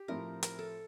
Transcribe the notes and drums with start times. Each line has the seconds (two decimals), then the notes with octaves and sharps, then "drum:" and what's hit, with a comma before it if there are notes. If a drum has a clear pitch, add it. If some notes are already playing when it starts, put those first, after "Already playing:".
Already playing: G4
0.08 A2 F3 C4 E4 A#4
0.43 A#4, drum: hi-hat
0.59 A4